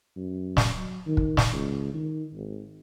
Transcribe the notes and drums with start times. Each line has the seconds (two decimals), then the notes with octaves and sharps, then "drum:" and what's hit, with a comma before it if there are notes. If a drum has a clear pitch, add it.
0.16 F#2
0.57 drum: snare
0.76 F#3
1.06 D#3
1.17 drum: kick
1.37 drum: snare
1.53 C#2
1.94 D#3
2.34 G#1